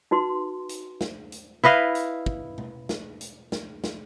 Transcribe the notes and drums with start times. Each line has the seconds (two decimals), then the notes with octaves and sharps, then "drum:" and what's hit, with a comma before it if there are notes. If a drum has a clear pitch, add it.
0.11 D#4 F#4 B4 C6
0.69 drum: hi-hat
1.01 drum: snare
1.32 drum: hi-hat
1.64 E4 B4 D#5 F5
1.95 drum: hi-hat
2.26 drum: kick
2.58 drum: tom B2
2.89 drum: snare
3.21 drum: hi-hat
3.52 drum: snare
3.84 drum: snare